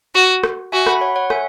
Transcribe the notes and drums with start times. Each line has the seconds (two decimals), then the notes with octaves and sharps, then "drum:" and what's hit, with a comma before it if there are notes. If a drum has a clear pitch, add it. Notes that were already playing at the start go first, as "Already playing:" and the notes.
0.15 F#4
0.43 drum: rim click
0.72 F#4 E5 G#5
0.86 F#5 B5, drum: rim click
1.01 C#5 F#5
1.16 C#5 F#5
1.30 E5 G#5, drum: rim click